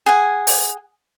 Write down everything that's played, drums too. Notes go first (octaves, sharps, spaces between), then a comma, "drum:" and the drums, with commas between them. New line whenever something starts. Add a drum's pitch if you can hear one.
G#4 F#5 G#5
drum: open hi-hat